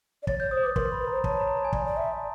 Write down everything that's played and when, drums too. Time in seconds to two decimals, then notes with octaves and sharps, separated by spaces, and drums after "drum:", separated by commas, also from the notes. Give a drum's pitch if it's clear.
0.23 D5
0.27 C#5 A6, drum: kick
0.40 C#5 G6
0.51 C5 D#6
0.63 B4 D6
0.76 A#4 C6, drum: kick
0.92 B5
1.00 B4
1.08 C5 A#5
1.24 C#5 A5, drum: kick
1.40 A#5
1.57 A5
1.65 G#5
1.73 D5 A5, drum: kick
1.85 D5
1.97 E5